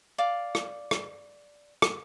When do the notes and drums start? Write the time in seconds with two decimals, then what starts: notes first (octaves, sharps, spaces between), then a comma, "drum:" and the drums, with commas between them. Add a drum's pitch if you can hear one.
0.18 D5 F5 D6
0.55 drum: rim click
0.91 drum: rim click
1.82 drum: rim click